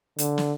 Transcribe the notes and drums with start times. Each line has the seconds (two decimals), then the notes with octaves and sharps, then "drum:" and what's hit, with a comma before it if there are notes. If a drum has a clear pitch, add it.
0.18 D3, drum: hi-hat
0.38 drum: snare